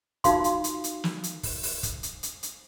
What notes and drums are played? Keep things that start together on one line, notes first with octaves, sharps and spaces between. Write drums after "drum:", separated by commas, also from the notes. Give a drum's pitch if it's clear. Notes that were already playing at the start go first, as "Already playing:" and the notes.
D#4 F4 F#4 F5 C6, drum: kick, hi-hat
drum: hi-hat
drum: hi-hat
drum: hi-hat
drum: snare
drum: hi-hat
drum: kick, open hi-hat
drum: open hi-hat
drum: kick, hi-hat
drum: hi-hat
drum: hi-hat
drum: hi-hat